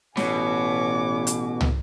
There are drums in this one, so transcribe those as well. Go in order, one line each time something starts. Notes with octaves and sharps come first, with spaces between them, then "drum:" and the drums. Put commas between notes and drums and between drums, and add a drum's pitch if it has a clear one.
A1 B2 C#5 G#5 D6, drum: snare
drum: hi-hat
drum: tom